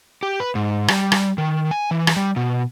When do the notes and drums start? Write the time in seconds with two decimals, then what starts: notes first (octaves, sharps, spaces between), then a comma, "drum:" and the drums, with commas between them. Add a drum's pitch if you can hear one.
0.23 G4
0.40 B4
0.55 G#2
0.88 G3, drum: rim click
1.12 drum: rim click
1.38 D#3
1.71 G#5
1.91 E3
2.07 drum: rim click
2.16 G3
2.36 B2